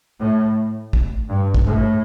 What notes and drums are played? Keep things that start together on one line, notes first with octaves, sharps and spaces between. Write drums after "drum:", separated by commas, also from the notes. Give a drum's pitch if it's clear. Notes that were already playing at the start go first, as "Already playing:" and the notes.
A2
drum: kick
G2
drum: kick
A2